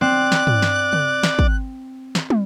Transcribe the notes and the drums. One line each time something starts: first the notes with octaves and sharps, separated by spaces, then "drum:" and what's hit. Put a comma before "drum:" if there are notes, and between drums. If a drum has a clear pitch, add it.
C4 D5 F#6
drum: snare
drum: tom
drum: snare
drum: tom
drum: snare
drum: kick
drum: snare
drum: tom